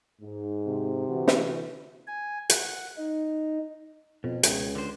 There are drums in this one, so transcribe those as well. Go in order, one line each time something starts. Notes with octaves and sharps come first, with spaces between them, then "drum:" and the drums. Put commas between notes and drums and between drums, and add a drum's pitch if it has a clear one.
G#2
C3
D3 E3 F#4
drum: snare
G#5
F#5, drum: hi-hat
D#4
F2 B2
C#2 B2 G#4 G5, drum: hi-hat
D3 C5